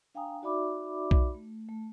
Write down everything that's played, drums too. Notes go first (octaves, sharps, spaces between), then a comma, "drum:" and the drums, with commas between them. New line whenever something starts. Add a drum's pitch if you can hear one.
D4 F5 G5 G#5 A#5 D#6
D#4 F#4 D5 E5 B5 D6
drum: kick B1
A3
A3